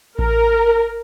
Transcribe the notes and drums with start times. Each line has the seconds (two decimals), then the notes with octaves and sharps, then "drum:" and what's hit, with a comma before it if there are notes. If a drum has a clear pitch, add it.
0.19 A#4, drum: kick A1